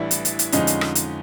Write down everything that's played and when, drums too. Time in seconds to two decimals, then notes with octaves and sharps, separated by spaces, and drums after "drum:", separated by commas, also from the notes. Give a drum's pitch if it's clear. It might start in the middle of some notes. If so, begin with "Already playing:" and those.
Already playing: A1 A2 E3 G3 D4 E4
0.11 drum: hi-hat
0.25 drum: hi-hat
0.39 drum: hi-hat
0.52 F2 D3 F3 G#3 C#4 D#4, drum: hi-hat
0.67 drum: hi-hat
0.81 drum: rim click
0.95 drum: hi-hat